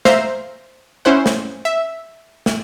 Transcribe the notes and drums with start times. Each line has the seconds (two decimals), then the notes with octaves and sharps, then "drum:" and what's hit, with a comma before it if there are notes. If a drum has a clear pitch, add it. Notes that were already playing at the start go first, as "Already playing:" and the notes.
0.05 C5 E5 F5 A#5, drum: snare
1.05 C#4 E4 C5 F#5
1.26 drum: snare
1.65 E5
2.46 drum: snare